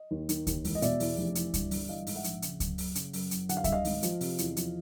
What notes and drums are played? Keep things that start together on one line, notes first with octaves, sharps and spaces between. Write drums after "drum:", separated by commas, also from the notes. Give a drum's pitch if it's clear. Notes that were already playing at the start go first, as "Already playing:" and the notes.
Already playing: D#5
D#2
D#3, drum: hi-hat
D#2, drum: kick C#2, hi-hat
E1, drum: open hi-hat
D#5
B2 D5 E5, drum: hi-hat
E2, drum: open hi-hat
F1
E3, drum: hi-hat
G2, drum: kick C#2, hi-hat
G1, drum: open hi-hat
E3 D#5 F5
G#2, drum: open hi-hat
E5 F#5
A#1, drum: hi-hat
C#3, drum: hi-hat
F#2, drum: kick C#2, hi-hat
F#1, drum: open hi-hat
C#3, drum: hi-hat
F#2, drum: open hi-hat
F#1, drum: hi-hat
D3 F#5, drum: hi-hat
F5
G2 E5, drum: kick C#2, hi-hat
D#5 F5
G#1, drum: open hi-hat
F3, drum: hi-hat
C3, drum: open hi-hat
E2, drum: hi-hat
F3, drum: hi-hat